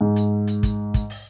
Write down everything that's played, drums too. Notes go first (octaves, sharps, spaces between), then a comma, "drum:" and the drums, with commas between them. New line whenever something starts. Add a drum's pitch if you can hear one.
G#2
drum: hi-hat
drum: hi-hat
drum: kick, hi-hat
drum: kick, hi-hat
drum: open hi-hat